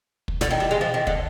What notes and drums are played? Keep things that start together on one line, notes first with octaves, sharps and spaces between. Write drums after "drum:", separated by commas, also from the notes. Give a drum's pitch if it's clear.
drum: kick
D3, drum: snare
D#3
G3
G#3
F3
D#3
D3, drum: kick